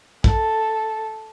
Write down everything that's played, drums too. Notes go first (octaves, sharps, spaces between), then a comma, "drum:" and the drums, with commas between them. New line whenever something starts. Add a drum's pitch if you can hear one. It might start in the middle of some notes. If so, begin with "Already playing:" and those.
A4, drum: kick